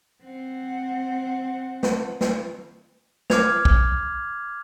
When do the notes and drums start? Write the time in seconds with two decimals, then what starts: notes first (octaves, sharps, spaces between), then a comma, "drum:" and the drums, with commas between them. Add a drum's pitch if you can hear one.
0.24 C4 F#5
1.83 drum: snare
2.21 drum: snare
3.30 D6 F6 G#6 F7, drum: snare
3.65 drum: kick